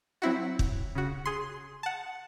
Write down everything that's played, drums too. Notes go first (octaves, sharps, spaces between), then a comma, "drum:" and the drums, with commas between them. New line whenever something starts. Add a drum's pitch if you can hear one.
F#3 C4 E4 F#4
drum: kick
C#3 F#4
G#4 C6
F#5 A5